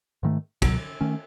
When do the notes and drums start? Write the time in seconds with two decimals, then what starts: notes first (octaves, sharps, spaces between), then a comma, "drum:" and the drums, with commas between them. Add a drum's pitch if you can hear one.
0.23 G#2 D#3 A3
0.62 C#2 B2 F#3, drum: kick, cymbal
1.01 D#3 A3 C#4